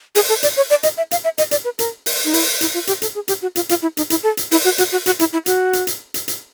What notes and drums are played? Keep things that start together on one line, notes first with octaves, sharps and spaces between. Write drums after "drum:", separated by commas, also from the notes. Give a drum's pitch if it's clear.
G#4, drum: open hi-hat
A4
D5, drum: hi-hat
C#5
D5
D#5, drum: hi-hat
E5
F5, drum: hi-hat
E5
D#5, drum: hi-hat
D5, drum: hi-hat
B4
A#4, drum: hi-hat
drum: open hi-hat
D#4
E4, drum: open hi-hat
E4, drum: hi-hat
F4
G4, drum: hi-hat
A4, drum: hi-hat
G#4
G4, drum: hi-hat
F#4
F4, drum: hi-hat
F4, drum: hi-hat
E4
D#4, drum: hi-hat
E4, drum: hi-hat
A4
drum: hi-hat
E4, drum: open hi-hat
F#4
F#4, drum: hi-hat
F#4
F#4, drum: hi-hat
E4, drum: hi-hat
E4
F#4, drum: hi-hat
drum: hi-hat
drum: hi-hat
drum: hi-hat
drum: hi-hat